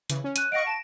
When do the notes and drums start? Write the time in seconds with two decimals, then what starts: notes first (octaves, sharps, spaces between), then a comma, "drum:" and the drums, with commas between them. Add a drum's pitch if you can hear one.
0.10 C#3 E3, drum: hi-hat
0.24 C#4
0.36 F#6 D#7, drum: hi-hat
0.52 D#5 F5 F#5 C#6 A#6 D7
0.67 A5 E7